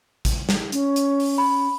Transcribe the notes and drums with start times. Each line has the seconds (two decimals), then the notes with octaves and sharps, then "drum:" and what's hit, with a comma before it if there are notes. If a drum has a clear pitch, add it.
0.25 drum: kick, hi-hat
0.49 drum: snare
0.72 C#4, drum: hi-hat
0.96 drum: hi-hat
1.20 drum: open hi-hat
1.38 B5